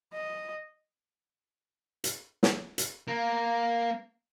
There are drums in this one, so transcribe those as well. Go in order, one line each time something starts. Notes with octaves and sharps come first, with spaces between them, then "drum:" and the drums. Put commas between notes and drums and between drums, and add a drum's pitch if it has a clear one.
D#5
drum: hi-hat
drum: snare
drum: hi-hat
A#3